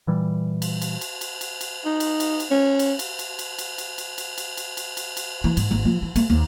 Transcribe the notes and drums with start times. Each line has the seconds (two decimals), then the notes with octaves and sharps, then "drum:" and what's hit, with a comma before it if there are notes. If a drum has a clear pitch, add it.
0.07 A#2 E3 G3
0.62 drum: cymbal
0.82 drum: cymbal
1.01 drum: cymbal
1.21 drum: cymbal
1.41 drum: cymbal
1.61 drum: cymbal
1.86 D#4
2.00 drum: cymbal
2.20 drum: cymbal
2.40 drum: cymbal
2.51 C#4
2.79 drum: cymbal
2.99 drum: cymbal
3.19 drum: cymbal
3.39 drum: cymbal
3.59 drum: cymbal
3.78 drum: cymbal
3.98 drum: cymbal
4.18 drum: cymbal
4.38 drum: cymbal
4.57 drum: cymbal
4.77 drum: cymbal
4.97 drum: cymbal
5.17 drum: cymbal
5.44 E3
5.57 G#2, drum: cymbal
5.71 G#1
5.85 F3
6.02 E3
6.16 A3, drum: cymbal
6.30 D#2